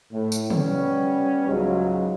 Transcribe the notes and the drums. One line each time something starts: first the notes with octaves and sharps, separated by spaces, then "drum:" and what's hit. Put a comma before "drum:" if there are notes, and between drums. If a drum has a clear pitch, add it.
A2
drum: tambourine
G3 B3 C#4, drum: tom
C#2 G#2 C#3 F#3